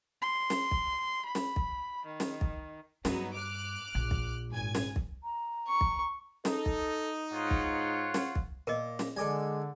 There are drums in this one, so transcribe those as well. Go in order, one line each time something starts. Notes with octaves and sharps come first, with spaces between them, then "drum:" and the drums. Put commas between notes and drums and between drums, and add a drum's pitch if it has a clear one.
C6
drum: snare
drum: kick
B5
drum: snare
drum: kick
D#3
drum: snare
drum: kick
G2 F#3 B3 D#4, drum: snare
D6 F6 F#6
A#1
drum: kick
G#1 G#5 G#6
drum: snare
drum: kick
A#5
C#6
drum: kick
D#4 A4, drum: snare
drum: kick
G#2 F4 C#5 F#5
drum: kick
drum: snare
drum: kick
A#2 A#4 D#5
drum: snare
D3 G#3 A4 D5 G#5